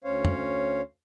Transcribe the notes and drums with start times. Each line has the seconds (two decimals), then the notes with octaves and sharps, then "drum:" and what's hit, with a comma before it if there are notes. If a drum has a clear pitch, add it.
0.04 D2 C#4 C5 C#5 F5
0.25 drum: tom